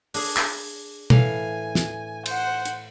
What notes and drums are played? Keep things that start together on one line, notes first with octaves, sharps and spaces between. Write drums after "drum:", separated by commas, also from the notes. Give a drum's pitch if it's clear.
D4 G#4, drum: open hi-hat
drum: clap
A2 E3 F5 G#5, drum: tom B2
drum: snare
C5 F#5, drum: cymbal
drum: hi-hat